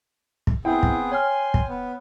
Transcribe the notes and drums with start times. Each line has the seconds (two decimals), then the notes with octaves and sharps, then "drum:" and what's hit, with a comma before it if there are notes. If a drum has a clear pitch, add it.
0.47 drum: kick
0.65 B3 C4 E4 G#4 G5
0.83 drum: kick
1.12 C#5 G#5 C6 F6
1.54 drum: kick
1.69 B3